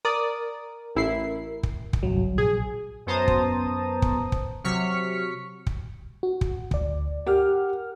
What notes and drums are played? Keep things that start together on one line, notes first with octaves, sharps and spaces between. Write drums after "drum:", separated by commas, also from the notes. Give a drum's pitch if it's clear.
A#4 D5 D#6
A1 E4 C7
drum: kick
drum: kick
G1 C2 F#3
A#1 G#4
F#2 B3 C5 A5 A#5 D#6
drum: kick
drum: kick
drum: kick
C3 F#3 C#6 F6 B6 C#7
drum: kick
F#4
drum: kick
D2 D5, drum: kick
G4 A#4 F#5 F6